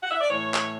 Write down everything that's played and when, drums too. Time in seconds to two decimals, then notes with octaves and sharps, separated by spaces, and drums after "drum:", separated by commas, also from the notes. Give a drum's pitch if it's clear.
0.03 F#5
0.11 E5
0.21 D5
0.30 A2 E3 C#5
0.54 drum: clap